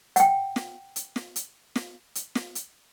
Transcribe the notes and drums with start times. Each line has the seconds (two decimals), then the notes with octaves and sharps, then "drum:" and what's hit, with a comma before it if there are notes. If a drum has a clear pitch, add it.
0.16 F#5 G5, drum: hi-hat
0.56 drum: snare
0.96 drum: hi-hat
1.16 drum: snare
1.36 drum: hi-hat
1.76 drum: snare
2.15 drum: hi-hat
2.35 drum: snare
2.55 drum: hi-hat